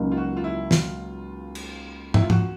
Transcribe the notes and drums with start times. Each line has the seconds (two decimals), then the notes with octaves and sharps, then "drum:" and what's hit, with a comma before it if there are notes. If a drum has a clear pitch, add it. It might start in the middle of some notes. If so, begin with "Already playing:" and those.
Already playing: C#2 C#3 F#3 A#3 D#4
0.12 F4
0.17 F#4
0.37 F4
0.44 E4
0.71 F4, drum: snare
1.55 drum: cymbal
2.14 E4, drum: tom
2.22 F4
2.30 F#4, drum: tom